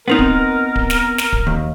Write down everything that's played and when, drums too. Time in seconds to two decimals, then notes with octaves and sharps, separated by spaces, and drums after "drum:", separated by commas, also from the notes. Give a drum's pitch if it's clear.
0.08 B3 C4 D#4 A#4
0.19 drum: kick D1
0.76 drum: kick D1
0.90 drum: snare
1.18 drum: snare
1.33 drum: kick D1
1.47 D#2